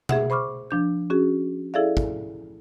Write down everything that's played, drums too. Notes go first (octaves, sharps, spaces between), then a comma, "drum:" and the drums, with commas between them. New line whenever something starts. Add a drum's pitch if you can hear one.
G#4 E5 F#5, drum: tom B2
C5 B5 C#6 D6 F6
F3 D4 G6
C#4 F#4 G#4
E4 G#4 A4 D5 E5 F5
drum: kick